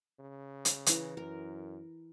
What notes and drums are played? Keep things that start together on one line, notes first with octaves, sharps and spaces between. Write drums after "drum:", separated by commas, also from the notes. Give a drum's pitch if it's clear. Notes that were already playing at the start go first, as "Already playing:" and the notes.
C#3
drum: hi-hat
E3 A#5, drum: hi-hat
F#2 A#4